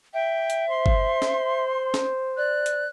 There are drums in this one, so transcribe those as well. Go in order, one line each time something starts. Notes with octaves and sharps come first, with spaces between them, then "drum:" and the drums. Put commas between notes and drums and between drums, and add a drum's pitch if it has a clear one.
E5 G5
drum: hi-hat
C5 C6
drum: kick G1
drum: snare C#4
drum: snare C#4
D5 F#6
drum: hi-hat